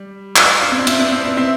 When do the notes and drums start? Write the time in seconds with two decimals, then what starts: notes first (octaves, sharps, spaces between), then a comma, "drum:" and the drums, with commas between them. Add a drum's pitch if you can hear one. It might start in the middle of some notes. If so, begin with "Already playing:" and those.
Already playing: G3
0.36 D4 F4, drum: clap
0.61 D4 F4
0.72 C4
0.79 D4
0.87 C4 E4, drum: cymbal
0.99 B3 D4
1.12 C4 E4
1.24 C4 E4
1.37 C4 E4